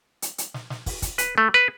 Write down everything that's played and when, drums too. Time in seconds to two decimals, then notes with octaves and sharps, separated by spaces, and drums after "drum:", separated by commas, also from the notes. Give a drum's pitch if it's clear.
0.22 drum: hi-hat
0.38 drum: hi-hat
0.54 drum: snare
0.70 drum: snare
0.86 drum: kick, open hi-hat
1.02 drum: kick, hi-hat
1.18 B4, drum: hi-hat
1.38 A3
1.54 B4